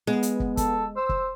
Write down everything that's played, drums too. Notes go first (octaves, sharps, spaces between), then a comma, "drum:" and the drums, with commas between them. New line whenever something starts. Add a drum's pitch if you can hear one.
G#3 B3
drum: hi-hat
drum: kick
A4, drum: kick, hi-hat
C5 E6
drum: kick